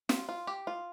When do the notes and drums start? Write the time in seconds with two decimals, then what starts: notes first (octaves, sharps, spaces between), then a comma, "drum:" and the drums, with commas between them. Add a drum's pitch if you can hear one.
0.09 F4, drum: snare
0.29 F4
0.47 G4
0.67 F4